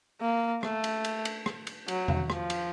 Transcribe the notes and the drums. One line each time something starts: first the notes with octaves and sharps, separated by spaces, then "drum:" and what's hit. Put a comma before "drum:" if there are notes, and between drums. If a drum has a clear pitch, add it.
A#3
A3, drum: rim click
drum: cymbal
drum: cymbal
drum: cymbal
drum: rim click
drum: cymbal
F#3, drum: cymbal
drum: tom E2
F3, drum: rim click
drum: cymbal